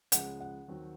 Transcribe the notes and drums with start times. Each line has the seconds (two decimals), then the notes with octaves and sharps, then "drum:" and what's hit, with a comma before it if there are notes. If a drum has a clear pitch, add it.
0.12 C#2 C#3 F3 G#3 F#5, drum: hi-hat
0.40 F#5
0.68 D#2 D#3 F#3 C4